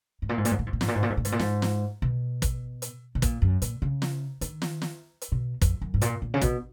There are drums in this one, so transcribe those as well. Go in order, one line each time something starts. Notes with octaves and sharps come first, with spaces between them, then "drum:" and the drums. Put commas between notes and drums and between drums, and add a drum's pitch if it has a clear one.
G#2
A#2
G#2
A#2, drum: hi-hat
G#2
A#2
G#2
A#2
G#2, drum: snare
A#2
G#2
A#2
G#2
A#2
G#2, drum: hi-hat
A#2
G#2, drum: snare
drum: snare
B2
drum: kick, hi-hat
drum: hi-hat
B2
A#2, drum: kick, hi-hat
F#2
A#2, drum: hi-hat
C#3
drum: snare
D#3, drum: hi-hat
drum: snare
drum: snare
drum: hi-hat
B2
F2, drum: kick, hi-hat
F#2
G#2
A#2, drum: hi-hat
A#2
C#3
B2, drum: kick, hi-hat